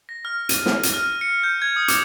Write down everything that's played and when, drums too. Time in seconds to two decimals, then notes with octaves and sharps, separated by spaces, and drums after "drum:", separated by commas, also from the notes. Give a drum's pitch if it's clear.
0.09 A#6
0.25 F6
0.49 D#7, drum: hi-hat
0.66 drum: snare
0.83 drum: hi-hat
0.93 F6
1.21 C#7
1.43 G6
1.62 G#6
1.76 D#6
1.88 D6, drum: hi-hat